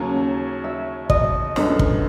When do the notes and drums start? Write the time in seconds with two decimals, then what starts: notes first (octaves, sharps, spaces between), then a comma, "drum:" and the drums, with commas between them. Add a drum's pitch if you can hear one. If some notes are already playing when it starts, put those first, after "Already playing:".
Already playing: D#2 C#3 F#3 A#3 C#4
0.17 A5
0.64 E5
1.10 D#5, drum: kick
1.56 G1 F#2 D3, drum: snare
1.79 drum: kick